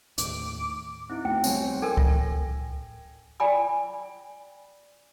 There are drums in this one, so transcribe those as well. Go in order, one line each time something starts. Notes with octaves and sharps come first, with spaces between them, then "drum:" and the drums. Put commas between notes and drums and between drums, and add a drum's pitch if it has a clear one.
D#2 A2 D6, drum: hi-hat
C4 D#4 E4
D2 G5
C2 C4 C#5 G#5, drum: tambourine
A4 A#4 G5 G#5 G#6
A#6, drum: kick C#2
D5 G5 G#5 B5 D6